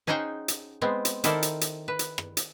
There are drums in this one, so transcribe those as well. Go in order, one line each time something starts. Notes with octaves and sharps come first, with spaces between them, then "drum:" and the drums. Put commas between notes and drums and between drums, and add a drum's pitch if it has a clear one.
C#4 D#4 G#4 C5 F#5 G5
drum: hi-hat
G#3 B3 C4
drum: hi-hat
D#3 E4 A4 A#4 C5 D5, drum: hi-hat
drum: hi-hat
drum: hi-hat
B4
drum: hi-hat
drum: rim click
drum: hi-hat